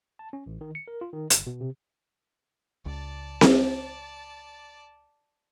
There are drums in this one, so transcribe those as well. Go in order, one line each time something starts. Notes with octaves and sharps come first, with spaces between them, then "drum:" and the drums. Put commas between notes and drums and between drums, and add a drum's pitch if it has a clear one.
A5
C#4
A1
D#3
C#7
A#4
F4
D#3
G1, drum: hi-hat
B2
C3
C#2 D5 A5
drum: snare C4